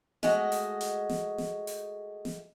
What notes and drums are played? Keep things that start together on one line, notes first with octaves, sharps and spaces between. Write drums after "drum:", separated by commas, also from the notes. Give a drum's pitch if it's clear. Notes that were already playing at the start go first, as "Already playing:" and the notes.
G#3 A3 F#4 D#5, drum: snare
drum: open hi-hat
drum: hi-hat
drum: snare
drum: snare
drum: open hi-hat
drum: snare